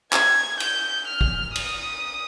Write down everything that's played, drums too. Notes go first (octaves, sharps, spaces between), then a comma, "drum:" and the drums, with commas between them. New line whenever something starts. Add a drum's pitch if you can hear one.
G#6, drum: clap
G6, drum: cymbal
F6
drum: kick
D#6, drum: cymbal